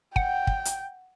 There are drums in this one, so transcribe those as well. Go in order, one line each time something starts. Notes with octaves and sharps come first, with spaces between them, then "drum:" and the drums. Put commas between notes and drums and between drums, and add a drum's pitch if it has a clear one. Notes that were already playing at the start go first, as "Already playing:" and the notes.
F#5 G5, drum: kick
drum: kick
drum: hi-hat